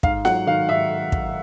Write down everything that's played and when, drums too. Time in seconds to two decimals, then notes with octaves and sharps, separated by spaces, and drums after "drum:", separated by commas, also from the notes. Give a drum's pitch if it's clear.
0.03 G#2 F5, drum: kick
0.25 F#3 F#5, drum: snare F4
0.47 D#3 F5
0.69 G#2 E5
1.12 drum: kick